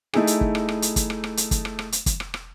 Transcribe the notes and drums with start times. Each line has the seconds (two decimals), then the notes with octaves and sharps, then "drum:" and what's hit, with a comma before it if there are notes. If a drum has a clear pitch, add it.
0.13 A3 D#4 E4 G#4, drum: rim click
0.27 drum: hi-hat
0.41 drum: kick
0.55 drum: rim click
0.69 drum: rim click
0.82 drum: hi-hat
0.96 drum: kick, hi-hat
1.10 drum: rim click
1.24 drum: rim click
1.37 drum: hi-hat
1.51 drum: kick, hi-hat
1.65 drum: rim click
1.79 drum: rim click
1.92 drum: hi-hat
2.06 drum: kick, hi-hat
2.20 drum: rim click
2.34 drum: rim click